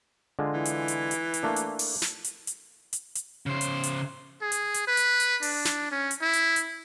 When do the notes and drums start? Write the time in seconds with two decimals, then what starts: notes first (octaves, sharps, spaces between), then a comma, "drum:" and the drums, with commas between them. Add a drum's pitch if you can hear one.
0.39 D3 G#3 F4
0.53 E3
0.65 drum: hi-hat
0.88 drum: hi-hat
1.11 drum: hi-hat
1.34 drum: hi-hat
1.43 A3 A#3 D4
1.56 drum: hi-hat
1.79 drum: open hi-hat
2.02 drum: snare
2.24 drum: hi-hat
2.47 drum: hi-hat
2.93 drum: hi-hat
3.15 drum: hi-hat
3.46 C#3 C5
3.61 drum: hi-hat
3.84 drum: hi-hat
4.42 G#4
4.52 drum: hi-hat
4.74 drum: hi-hat
4.88 B4
4.97 drum: hi-hat
5.20 drum: hi-hat
5.43 D4, drum: open hi-hat
5.65 drum: snare
5.92 C#4
6.11 drum: hi-hat
6.22 E4
6.33 drum: hi-hat
6.56 drum: hi-hat